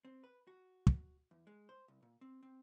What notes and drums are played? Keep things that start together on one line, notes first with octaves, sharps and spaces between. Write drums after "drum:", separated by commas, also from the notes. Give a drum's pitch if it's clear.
C4
B4
F#4
drum: kick
E2
G#3
C5
C2
A#2
C4
C4